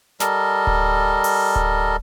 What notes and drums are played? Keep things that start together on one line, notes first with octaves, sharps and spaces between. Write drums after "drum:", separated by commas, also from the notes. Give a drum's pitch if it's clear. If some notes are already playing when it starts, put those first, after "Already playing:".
G3 A4 A#4 D#5, drum: snare
drum: kick D1
drum: open hi-hat
drum: kick D1